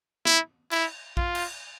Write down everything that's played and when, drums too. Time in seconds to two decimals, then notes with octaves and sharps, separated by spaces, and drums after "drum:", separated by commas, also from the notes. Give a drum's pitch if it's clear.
0.25 E4, drum: snare
0.71 E4, drum: cymbal
1.17 F4, drum: kick A#1
1.35 drum: cymbal